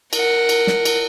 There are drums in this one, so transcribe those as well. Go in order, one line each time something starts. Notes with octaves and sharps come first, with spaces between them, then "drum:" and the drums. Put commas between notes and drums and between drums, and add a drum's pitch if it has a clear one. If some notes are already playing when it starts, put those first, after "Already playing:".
A#4 F#5, drum: cymbal
drum: cymbal
drum: snare
drum: cymbal